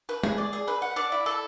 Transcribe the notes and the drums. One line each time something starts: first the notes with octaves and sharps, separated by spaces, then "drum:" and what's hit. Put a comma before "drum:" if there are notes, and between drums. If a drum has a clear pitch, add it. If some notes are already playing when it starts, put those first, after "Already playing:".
B4
G#4, drum: tom
D5
G#4
B4
F#5
D5
E4
A4